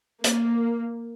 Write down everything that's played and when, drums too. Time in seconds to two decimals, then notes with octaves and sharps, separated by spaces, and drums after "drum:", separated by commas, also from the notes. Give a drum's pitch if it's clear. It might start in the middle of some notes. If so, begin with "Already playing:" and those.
0.24 A#3, drum: hi-hat